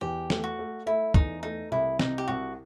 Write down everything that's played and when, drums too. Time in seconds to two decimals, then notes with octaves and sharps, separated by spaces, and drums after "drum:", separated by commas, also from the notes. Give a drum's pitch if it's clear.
0.01 E2 G4
0.30 A3, drum: snare
0.44 F#4
0.59 A3
0.86 A3 E4
1.14 E2 D#4, drum: kick
1.43 A3 D#4
1.71 C2 E4
1.99 C3 D#4, drum: snare
2.18 G4
2.28 C2 F#4